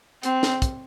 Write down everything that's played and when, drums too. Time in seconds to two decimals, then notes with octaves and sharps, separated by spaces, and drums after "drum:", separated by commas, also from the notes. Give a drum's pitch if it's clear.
0.23 C4, drum: hi-hat
0.43 drum: snare
0.62 drum: kick, hi-hat